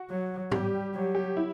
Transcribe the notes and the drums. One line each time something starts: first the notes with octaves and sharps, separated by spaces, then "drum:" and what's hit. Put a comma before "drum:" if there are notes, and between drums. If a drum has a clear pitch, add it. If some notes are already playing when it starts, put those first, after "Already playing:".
Already playing: F#4
F#3
G3 G4, drum: tom G#2
F#3
G4
E4